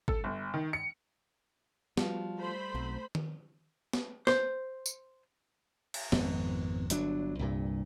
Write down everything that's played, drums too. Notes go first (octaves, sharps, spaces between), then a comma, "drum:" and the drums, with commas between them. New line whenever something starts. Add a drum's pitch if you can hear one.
A4, drum: kick G#1
G1
D#3
C#7
F3 G3 B3 F#4, drum: snare
A3 C5 B5
B1 F#3 C4
drum: tom D#3
drum: snare
C5, drum: snare
drum: tambourine
drum: cymbal
G#1 F2 B3, drum: snare
G1 F#3 D4, drum: hi-hat
C2 G2 A#2